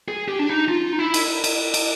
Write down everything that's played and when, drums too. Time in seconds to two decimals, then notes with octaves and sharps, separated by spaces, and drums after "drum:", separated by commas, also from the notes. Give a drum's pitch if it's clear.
0.08 G#4
0.28 G4
0.39 D4
0.49 D#4
0.69 F4
0.93 D#4
0.99 E4
1.14 drum: cymbal
1.44 drum: cymbal
1.74 drum: cymbal